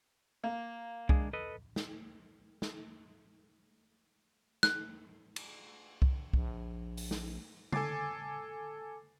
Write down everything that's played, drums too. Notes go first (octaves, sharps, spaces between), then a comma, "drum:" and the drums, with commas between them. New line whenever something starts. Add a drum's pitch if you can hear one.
A#3
G#3 D4 G#4, drum: kick C2
A4 B4 D#5
drum: snare
drum: snare
F#6, drum: snare
drum: cymbal
drum: kick C2
A#1, drum: kick C2
drum: open hi-hat
drum: snare
A4 G#5 D6 A6 C7, drum: tom C#3